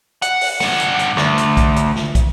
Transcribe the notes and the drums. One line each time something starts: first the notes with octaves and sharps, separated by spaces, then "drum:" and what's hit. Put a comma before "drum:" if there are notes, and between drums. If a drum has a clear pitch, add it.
F#5, drum: hi-hat
drum: open hi-hat
G2 F#5, drum: snare
drum: hi-hat
drum: hi-hat
D2, drum: snare
drum: hi-hat
drum: kick, hi-hat
drum: hi-hat
drum: snare
drum: kick, hi-hat